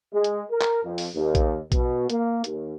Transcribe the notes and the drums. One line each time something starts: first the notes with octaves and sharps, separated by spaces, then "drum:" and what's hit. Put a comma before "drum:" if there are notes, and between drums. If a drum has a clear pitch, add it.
G#3
drum: hi-hat
A#4
drum: clap
F2
drum: open hi-hat
D#2
drum: kick A#1, hi-hat
B2, drum: kick A#1, hi-hat
A#3, drum: hi-hat
D#2, drum: hi-hat